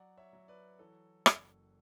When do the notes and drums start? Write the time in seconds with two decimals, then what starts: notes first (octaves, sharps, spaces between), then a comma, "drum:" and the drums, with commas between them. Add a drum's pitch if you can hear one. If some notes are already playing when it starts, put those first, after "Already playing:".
Already playing: F#3 D5 F#5
0.18 C#5 E5
0.33 F#3
0.48 B4 D5
0.79 E3 A4 C#5
1.26 F#1, drum: rim click